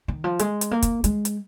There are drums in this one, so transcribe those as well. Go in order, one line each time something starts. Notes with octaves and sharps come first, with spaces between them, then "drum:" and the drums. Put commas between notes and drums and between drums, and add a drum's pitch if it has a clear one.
D#3
F3
G#3, drum: hi-hat
drum: hi-hat
A#3
drum: kick, hi-hat
G#3, drum: hi-hat
drum: hi-hat